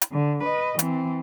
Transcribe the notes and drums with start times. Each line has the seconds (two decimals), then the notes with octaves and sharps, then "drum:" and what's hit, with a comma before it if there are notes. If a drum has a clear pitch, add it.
0.02 drum: hi-hat
0.12 D3
0.43 B4 D#5
0.79 E3 C4, drum: hi-hat